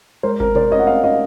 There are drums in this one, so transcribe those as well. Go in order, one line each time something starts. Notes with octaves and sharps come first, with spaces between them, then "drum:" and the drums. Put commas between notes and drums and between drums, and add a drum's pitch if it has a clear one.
G#3 A#4 C5
A#4, drum: kick G#1
A#4 C5 D5, drum: tom B2
C#5 D#5
F#5
C#4 D#5 F5
D#5 F5